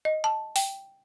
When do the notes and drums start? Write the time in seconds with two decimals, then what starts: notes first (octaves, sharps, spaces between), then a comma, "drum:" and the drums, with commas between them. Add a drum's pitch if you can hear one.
0.05 D#5
0.24 A5
0.56 G5, drum: open hi-hat